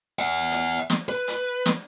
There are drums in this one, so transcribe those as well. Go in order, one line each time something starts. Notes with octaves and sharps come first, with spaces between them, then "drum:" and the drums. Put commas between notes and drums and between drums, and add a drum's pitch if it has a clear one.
E5 F#5
drum: hi-hat
drum: snare
B4
drum: hi-hat
drum: snare